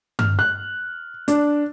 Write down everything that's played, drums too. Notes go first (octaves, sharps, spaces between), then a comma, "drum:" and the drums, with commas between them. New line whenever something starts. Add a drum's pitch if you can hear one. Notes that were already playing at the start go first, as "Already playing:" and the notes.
F6, drum: tom G2
F#6
D4, drum: hi-hat